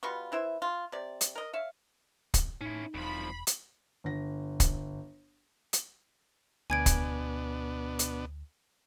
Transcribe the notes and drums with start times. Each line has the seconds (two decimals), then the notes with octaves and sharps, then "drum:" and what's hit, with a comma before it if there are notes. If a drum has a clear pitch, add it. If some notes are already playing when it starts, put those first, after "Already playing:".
0.03 B2 G3 F4 C#6
0.32 E3 E4 C5 E5
0.62 F4
0.92 C3 D5
1.21 drum: hi-hat
1.35 A#4 D#5
1.53 C#5 E5 F5
2.34 drum: kick, hi-hat
2.61 A2 C#4 D#4 E4
2.94 E1 C2 F3 B5
3.47 drum: hi-hat
4.04 G1 A#6
4.60 drum: kick, hi-hat
5.73 drum: hi-hat
6.70 D2 B2 B3 D4 G#5 G#6 D7
6.86 drum: kick, hi-hat
7.99 drum: hi-hat